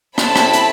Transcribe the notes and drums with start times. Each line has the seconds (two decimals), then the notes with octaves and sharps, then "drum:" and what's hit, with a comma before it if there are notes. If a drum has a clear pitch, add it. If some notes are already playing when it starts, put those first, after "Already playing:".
0.18 C4 E4 A4 A5 B5, drum: rim click
0.36 drum: rim click
0.53 drum: hi-hat